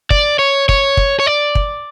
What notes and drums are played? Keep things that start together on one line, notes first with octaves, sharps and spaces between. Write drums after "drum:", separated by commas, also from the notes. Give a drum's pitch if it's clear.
D5, drum: kick
C#5
C#5, drum: kick
drum: kick
C#5
D5
drum: kick